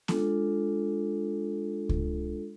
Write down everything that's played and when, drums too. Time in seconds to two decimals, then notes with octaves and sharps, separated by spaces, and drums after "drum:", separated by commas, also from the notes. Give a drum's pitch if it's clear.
0.08 G#3 D4 F4 A4, drum: snare B3
1.89 drum: kick C#2